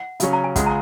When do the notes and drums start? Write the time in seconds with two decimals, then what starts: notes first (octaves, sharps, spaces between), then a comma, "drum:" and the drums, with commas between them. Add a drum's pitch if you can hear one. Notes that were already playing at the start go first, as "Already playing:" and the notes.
Already playing: F#5
0.20 C#3 F#3 C#4, drum: hi-hat
0.33 A#5
0.44 G#5
0.56 C#2 C#3 G#3 F#5, drum: kick, hi-hat
0.66 A#5